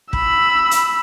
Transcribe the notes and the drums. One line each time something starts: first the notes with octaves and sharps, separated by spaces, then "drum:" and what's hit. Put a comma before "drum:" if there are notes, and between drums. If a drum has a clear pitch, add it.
B5 E6, drum: kick
drum: hi-hat